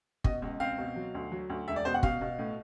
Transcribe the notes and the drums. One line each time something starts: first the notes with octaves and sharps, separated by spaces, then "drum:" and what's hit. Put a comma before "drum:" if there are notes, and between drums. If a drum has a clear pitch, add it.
B2 D#5, drum: kick
C#2
C4 F5
B2
F#3
D2
F#3
D2
E1 E5
D5
B2 C5
F#5
B2 F5, drum: kick
B2
A2